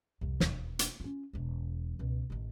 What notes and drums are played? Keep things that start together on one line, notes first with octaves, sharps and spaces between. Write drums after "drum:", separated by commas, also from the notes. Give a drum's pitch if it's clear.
C2 F2
E1 D#2, drum: snare
drum: hi-hat
C#4 F4
E1 E2
C#2 B2
A1 D#3